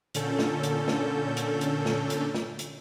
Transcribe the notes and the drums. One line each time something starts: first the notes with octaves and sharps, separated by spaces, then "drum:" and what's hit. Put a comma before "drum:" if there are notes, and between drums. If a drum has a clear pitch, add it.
A#2 D3 C#4 A4 G6, drum: hi-hat
drum: snare
drum: hi-hat
drum: snare
drum: hi-hat
drum: hi-hat
drum: snare
drum: hi-hat
drum: snare
drum: hi-hat